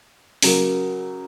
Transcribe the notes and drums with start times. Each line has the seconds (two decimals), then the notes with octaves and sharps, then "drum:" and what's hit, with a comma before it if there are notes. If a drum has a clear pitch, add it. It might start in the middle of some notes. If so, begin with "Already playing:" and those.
0.42 C#3 F#3 A#3, drum: open hi-hat